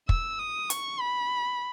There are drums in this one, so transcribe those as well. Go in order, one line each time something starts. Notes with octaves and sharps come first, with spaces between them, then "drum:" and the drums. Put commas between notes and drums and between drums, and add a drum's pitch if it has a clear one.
E6, drum: kick
D#6
C#6, drum: hi-hat
B5